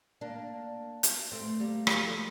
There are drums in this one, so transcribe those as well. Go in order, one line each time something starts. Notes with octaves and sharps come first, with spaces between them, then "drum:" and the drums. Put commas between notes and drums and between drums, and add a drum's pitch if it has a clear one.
A#3 D4
drum: hi-hat
A3 C4
G3 A#3
G3 A#3, drum: rim click
F3 A3